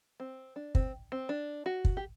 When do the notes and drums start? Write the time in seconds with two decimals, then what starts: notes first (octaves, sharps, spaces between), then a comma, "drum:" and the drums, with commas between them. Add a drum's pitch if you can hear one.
0.20 C4
0.56 D4
0.75 C4, drum: kick
1.12 C4
1.29 D4
1.66 F#4
1.85 drum: kick
1.97 G4